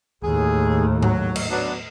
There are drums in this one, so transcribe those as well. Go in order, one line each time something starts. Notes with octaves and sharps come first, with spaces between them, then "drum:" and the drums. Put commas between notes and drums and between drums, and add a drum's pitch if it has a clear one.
D#2 A2 G#4
F#3, drum: tom G#2
drum: cymbal
F#3 B3 D4